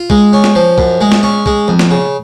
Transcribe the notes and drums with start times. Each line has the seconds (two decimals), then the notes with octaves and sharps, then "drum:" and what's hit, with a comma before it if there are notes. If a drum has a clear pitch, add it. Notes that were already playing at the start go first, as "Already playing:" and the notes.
Already playing: F4
0.10 G#3, drum: kick
0.33 C#4
0.44 drum: snare
0.55 F3
0.78 F#2, drum: kick
1.01 G#3
1.12 drum: snare
1.23 C#4
1.46 G#3, drum: kick
1.68 F2
1.79 drum: snare
1.90 C#3